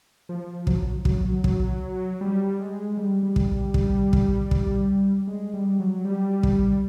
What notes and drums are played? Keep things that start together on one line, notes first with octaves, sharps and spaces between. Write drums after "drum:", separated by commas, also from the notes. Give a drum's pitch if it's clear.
F3
F#3, drum: kick
F#3, drum: kick
F#3
F#3, drum: kick
G3
G#3
G3
G3
drum: kick
G3
G3, drum: kick
drum: kick
drum: kick
G#3
G3
F#3
G3
drum: kick